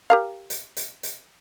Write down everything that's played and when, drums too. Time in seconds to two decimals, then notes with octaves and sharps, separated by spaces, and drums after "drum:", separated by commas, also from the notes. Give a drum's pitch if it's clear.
0.10 G4 A#4 F5
0.50 drum: hi-hat
0.77 drum: hi-hat
1.03 drum: hi-hat